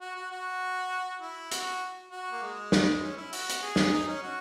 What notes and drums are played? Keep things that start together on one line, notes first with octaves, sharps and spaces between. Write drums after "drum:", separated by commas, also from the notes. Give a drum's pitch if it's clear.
F#4
F#4
F#4
E4
F#4, drum: hi-hat
F#4
A#3
G#3
drum: snare
C#4
E4
F#4, drum: open hi-hat
drum: hi-hat
G#4
drum: snare
D#4
C#4
F#4